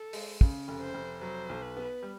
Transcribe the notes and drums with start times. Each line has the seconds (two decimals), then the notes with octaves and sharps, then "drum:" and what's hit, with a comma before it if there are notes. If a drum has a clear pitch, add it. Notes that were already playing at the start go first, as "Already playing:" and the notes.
Already playing: A4
0.13 G#3, drum: open hi-hat
0.41 C#3, drum: kick
0.68 F1
0.81 C5
0.94 F1
1.21 F#3 C5
1.49 B1
1.62 B4
1.77 B3
2.03 G3